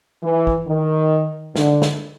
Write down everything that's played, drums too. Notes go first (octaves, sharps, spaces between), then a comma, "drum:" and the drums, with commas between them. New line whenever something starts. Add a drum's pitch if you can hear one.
E3
drum: kick
D#3
D3, drum: snare
drum: snare